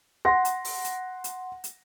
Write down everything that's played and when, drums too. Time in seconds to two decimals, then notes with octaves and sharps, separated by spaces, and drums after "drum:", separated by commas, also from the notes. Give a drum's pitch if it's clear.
0.25 F#5 C6 A#6
0.45 drum: hi-hat
0.65 drum: open hi-hat
0.84 drum: hi-hat
1.24 drum: hi-hat
1.64 drum: hi-hat